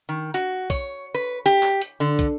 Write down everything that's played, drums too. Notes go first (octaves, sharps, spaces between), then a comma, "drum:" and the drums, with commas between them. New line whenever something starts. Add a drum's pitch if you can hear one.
D#3
F#4, drum: hi-hat
C#5, drum: kick, hi-hat
B4
G4, drum: hi-hat
drum: clap
drum: hi-hat
D3
drum: kick, hi-hat